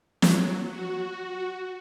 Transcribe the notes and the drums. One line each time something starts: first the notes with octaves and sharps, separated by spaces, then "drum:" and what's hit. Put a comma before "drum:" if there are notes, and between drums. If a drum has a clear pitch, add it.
F#3, drum: snare
F#4